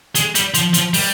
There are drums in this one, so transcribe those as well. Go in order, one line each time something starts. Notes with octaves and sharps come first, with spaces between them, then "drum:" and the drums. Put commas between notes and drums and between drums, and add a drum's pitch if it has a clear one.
G#3, drum: hi-hat
G3, drum: hi-hat
F3, drum: hi-hat
F3, drum: hi-hat
G3, drum: open hi-hat